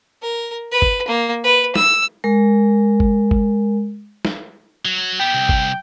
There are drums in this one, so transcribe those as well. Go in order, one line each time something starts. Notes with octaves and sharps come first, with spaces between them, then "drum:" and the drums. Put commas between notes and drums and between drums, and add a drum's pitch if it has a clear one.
A#4
B4
drum: kick G1
A#3
B4
E6, drum: snare
G#3 A#4
drum: kick G1
drum: kick G1
drum: snare
F#3
B3 G4 G5
C2
drum: kick G1